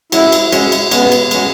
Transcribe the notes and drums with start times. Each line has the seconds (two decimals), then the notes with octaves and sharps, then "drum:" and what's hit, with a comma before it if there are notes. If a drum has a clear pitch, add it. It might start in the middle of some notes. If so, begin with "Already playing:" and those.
0.12 G#3 C#4 E4 F#4, drum: cymbal
0.32 drum: cymbal
0.52 G#3 C#4 F#4, drum: cymbal
0.72 drum: cymbal
0.91 G#3 B3 C#4 F#4, drum: cymbal
1.12 drum: cymbal
1.31 G#3 C#4 F#4, drum: cymbal